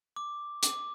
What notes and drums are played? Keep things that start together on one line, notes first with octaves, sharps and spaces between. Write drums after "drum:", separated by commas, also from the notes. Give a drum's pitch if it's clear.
D6
D6, drum: hi-hat